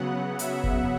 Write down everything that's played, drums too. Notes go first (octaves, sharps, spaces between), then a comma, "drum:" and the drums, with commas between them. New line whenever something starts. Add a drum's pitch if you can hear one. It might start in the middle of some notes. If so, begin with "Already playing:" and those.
Already playing: C#3 F#3 B3 F#5
E5, drum: hi-hat
drum: kick